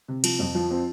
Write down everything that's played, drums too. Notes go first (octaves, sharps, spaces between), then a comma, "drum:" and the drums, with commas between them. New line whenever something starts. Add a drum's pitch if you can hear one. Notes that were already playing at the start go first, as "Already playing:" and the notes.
C3
F3, drum: cymbal
F2
F3
C4